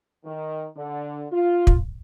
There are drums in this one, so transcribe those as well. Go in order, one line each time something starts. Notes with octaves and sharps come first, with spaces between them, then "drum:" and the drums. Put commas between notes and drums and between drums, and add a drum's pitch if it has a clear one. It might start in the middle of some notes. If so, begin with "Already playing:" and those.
D#3
D3
F4
drum: kick